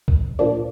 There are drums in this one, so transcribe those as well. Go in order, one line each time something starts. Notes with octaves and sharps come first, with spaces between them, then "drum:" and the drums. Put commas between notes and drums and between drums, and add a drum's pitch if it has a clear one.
drum: kick C#2
A#2 F3 A#3 D4